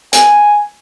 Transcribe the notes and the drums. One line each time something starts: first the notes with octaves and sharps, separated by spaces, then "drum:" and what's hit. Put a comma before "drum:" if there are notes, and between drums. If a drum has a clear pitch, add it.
G#5, drum: hi-hat